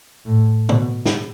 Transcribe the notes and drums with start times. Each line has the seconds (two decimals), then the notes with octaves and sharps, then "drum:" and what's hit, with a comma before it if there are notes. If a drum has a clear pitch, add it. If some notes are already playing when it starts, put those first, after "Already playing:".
0.25 A2
0.69 B2, drum: tom C#3
1.06 drum: snare